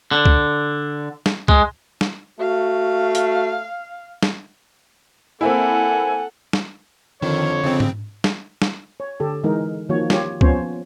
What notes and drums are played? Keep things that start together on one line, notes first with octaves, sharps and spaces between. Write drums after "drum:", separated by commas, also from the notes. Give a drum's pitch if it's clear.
D3
drum: kick
drum: snare
G#3, drum: kick
drum: snare
A3 F#4 F5
drum: hi-hat
drum: snare
A#3 C4 E4 A4 F#5 G#5
drum: snare
F2 D3 D#3 C#5
F2 C#3 C4
drum: tom
drum: snare
drum: snare
C#5
D3 G4 A4
E3 G#3 D#4 A#4
D#3 F3 A#3 F#4 C#5
F4 G4 C#5, drum: snare
F3 B3 C#4 C5 C#5, drum: kick